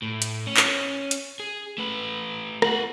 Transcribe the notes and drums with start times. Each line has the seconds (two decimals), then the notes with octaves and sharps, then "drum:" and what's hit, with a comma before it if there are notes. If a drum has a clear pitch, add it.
0.02 A2
0.22 drum: hi-hat
0.47 C#4 C#5
0.57 drum: clap
1.11 drum: hi-hat
1.40 G#4
1.78 A3 B4
2.62 F4 F#5, drum: rim click